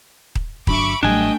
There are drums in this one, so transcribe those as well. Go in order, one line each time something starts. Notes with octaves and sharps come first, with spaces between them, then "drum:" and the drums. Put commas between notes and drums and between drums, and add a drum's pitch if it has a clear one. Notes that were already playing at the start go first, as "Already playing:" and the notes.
drum: kick D#1
G1 F#3 D4 E5 B5 C#6 D6, drum: kick D#1
A1 F#3 G3 A3 D4 D#5 G5 G#5